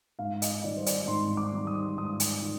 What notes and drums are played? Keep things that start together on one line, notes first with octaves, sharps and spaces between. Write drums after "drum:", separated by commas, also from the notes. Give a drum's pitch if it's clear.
G#2 F5
D#5, drum: hi-hat
D#3 G3 D5
C5
D5, drum: hi-hat
G#2 C6
D6
D#3 G3
D#6
G#2 D#6
drum: hi-hat
D#3